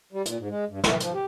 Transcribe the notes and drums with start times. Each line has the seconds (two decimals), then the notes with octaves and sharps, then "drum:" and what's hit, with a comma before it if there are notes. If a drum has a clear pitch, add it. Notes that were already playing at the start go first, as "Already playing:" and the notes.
0.13 G3
0.25 A#2, drum: hi-hat
0.37 G#2
0.49 G#3
0.69 G2
0.84 E3, drum: snare
1.00 F3, drum: hi-hat
1.14 G4